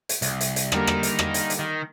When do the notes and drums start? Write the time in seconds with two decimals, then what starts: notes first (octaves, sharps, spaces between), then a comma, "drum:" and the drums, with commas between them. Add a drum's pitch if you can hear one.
0.09 drum: hi-hat
0.22 C2, drum: hi-hat
0.41 drum: hi-hat
0.56 drum: hi-hat
0.72 D3 G3 A#3 D#4 A#4, drum: rim click
0.87 drum: rim click
1.03 drum: hi-hat
1.19 drum: rim click
1.34 drum: hi-hat
1.50 drum: hi-hat
1.59 D#3